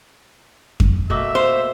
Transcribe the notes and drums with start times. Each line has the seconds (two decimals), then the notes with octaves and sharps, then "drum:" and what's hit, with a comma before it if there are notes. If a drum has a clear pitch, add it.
0.80 drum: kick F2
1.10 B2 A3 A#3 E5
1.35 C5 F5